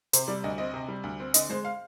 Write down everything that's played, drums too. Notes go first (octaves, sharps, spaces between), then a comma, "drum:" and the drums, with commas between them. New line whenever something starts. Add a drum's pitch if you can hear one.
C3 C5, drum: hi-hat
G3 D5
D2 D#5
C4 D#5
C3
G3
D2
C4
D3 D#5, drum: hi-hat
G#3 C5
F5